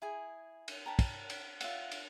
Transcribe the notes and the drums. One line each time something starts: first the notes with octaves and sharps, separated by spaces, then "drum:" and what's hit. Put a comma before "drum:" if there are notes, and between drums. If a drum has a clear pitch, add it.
E4 G#4 G#5
drum: cymbal
A#4 G5 A5 B5
drum: kick, cymbal
drum: cymbal
F4 E5 F#5, drum: cymbal
drum: cymbal